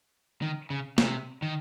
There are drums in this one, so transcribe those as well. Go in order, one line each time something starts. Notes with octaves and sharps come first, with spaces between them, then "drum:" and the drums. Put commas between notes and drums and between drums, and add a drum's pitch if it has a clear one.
D#3
C#3
C3, drum: snare
D#3